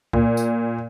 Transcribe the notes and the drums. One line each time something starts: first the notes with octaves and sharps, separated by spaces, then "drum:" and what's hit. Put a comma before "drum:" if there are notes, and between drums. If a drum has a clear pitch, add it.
A#2, drum: kick
drum: tambourine